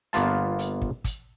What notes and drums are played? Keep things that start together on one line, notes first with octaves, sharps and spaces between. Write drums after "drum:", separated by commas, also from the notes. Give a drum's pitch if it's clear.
G1 A#3 B3 F4 A5, drum: hi-hat
drum: hi-hat
drum: kick
drum: kick, hi-hat